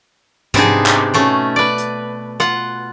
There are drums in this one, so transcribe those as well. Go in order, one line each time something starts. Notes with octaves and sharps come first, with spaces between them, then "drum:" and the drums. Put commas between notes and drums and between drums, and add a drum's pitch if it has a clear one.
C3 B3 D4 D#4 G#4, drum: tom
drum: clap
B2 A3 C#4
B4 D5
drum: hi-hat
F4 F#5, drum: rim click